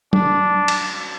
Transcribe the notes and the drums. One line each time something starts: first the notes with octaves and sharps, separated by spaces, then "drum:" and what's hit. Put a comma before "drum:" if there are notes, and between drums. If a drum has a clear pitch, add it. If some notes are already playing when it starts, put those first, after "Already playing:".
D4, drum: tom F#3
drum: cymbal